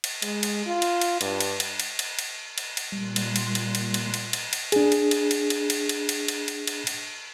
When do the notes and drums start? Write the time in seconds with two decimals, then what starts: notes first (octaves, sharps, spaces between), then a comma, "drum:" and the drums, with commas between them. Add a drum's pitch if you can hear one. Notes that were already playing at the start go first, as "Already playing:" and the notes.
0.04 drum: cymbal
0.22 G#3, drum: cymbal
0.43 drum: cymbal
0.66 F4
0.82 drum: cymbal
1.01 drum: cymbal
1.21 G2, drum: cymbal
1.41 drum: cymbal
1.60 drum: cymbal
1.80 drum: cymbal
1.99 drum: cymbal
2.19 drum: cymbal
2.58 drum: cymbal
2.77 drum: cymbal
2.92 A#2 G3 C6 F#6
3.16 drum: cymbal
3.36 drum: cymbal
3.55 drum: cymbal
3.75 drum: cymbal
3.94 drum: cymbal
4.14 drum: cymbal
4.33 drum: cymbal
4.53 drum: cymbal
4.72 D4 G#4, drum: cymbal
4.92 drum: cymbal
5.11 drum: cymbal
5.31 drum: cymbal
5.50 drum: cymbal
5.70 drum: cymbal
5.89 drum: cymbal
6.09 drum: cymbal
6.28 drum: cymbal
6.48 drum: cymbal
6.67 drum: cymbal
6.87 drum: cymbal